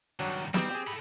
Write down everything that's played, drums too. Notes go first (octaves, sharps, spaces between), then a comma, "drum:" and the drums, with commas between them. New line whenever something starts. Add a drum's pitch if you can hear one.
G2 D#3 F#3 D4
G3 C4 D#4, drum: snare
G4 G#4
A4 B5